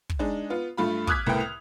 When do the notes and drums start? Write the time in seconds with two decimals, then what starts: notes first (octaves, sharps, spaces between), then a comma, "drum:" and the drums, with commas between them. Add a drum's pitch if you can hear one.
0.09 drum: kick
0.19 G#3 D4 D#4
0.50 B3 F4
0.77 G2 A3 F4 B5
1.07 D6 D#6 F6 F#6 G#6 B6, drum: kick
1.26 C2 A2 B3 A#4 G5
1.40 F7